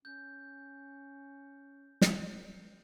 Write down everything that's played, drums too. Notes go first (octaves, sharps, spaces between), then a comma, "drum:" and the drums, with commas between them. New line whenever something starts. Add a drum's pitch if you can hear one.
C#4 G6
drum: snare